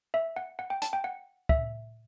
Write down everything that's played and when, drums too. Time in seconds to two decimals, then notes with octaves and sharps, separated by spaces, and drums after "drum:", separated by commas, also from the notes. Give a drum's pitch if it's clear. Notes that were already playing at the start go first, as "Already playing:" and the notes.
0.14 E5
0.36 F#5
0.59 F#5
0.70 G5
0.82 A5, drum: hi-hat
0.93 G5
1.04 F#5
1.49 E5, drum: kick